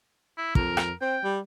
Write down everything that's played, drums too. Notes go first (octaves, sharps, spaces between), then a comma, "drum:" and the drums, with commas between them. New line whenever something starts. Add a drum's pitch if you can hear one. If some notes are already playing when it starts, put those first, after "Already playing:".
E4
F2 A#4, drum: kick
drum: rim click
C4 G5
G3